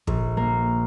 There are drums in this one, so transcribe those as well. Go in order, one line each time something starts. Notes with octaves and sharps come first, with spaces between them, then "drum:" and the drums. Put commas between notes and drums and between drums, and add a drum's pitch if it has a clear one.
A#1, drum: kick
A#3